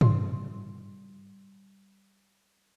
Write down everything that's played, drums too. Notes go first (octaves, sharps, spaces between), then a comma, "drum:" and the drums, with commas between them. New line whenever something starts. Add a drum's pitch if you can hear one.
G3 C6, drum: tom